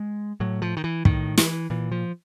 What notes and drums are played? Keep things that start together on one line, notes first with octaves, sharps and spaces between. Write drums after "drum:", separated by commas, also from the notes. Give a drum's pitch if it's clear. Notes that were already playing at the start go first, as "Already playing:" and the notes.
Already playing: G#3
A2 F#3
F3
D#3
E3
A2 D#3, drum: kick
E3, drum: snare
A#2 E3
F3